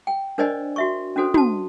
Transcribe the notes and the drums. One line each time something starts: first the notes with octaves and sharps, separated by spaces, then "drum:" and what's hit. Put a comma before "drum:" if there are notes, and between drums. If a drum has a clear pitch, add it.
G5
D4 A#4 C5 D5 D#5 G#5
F#4 E5 C#6
C#4 D4 F#4 A4 C5
F#4 A5, drum: tom